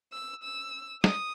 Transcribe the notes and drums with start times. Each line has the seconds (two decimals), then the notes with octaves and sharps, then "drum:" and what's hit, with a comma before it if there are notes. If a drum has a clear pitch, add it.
0.12 E6
0.43 E6
1.04 D#6, drum: snare